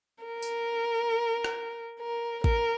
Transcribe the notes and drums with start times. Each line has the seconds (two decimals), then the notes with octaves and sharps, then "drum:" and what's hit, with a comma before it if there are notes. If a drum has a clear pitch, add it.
0.25 A#4
0.42 drum: tambourine
1.45 drum: rim click
2.00 A#4
2.44 A#4, drum: kick A1